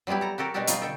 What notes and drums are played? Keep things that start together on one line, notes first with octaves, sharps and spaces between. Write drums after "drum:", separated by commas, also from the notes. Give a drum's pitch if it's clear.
F#3 G3 B3 E4 G4
A4 A#5
F#4 G4 A4 A#4
B2 G#3 D4 F#4 G4 A4
F#3 G3 D#4 F4, drum: hi-hat
D3 A4 C#5 G5